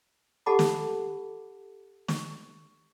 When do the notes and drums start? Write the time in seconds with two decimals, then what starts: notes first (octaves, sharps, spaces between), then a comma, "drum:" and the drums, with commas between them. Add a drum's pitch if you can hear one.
0.46 G4 A4 F#5 A5 B5 D6
0.59 drum: snare
2.08 C#6, drum: snare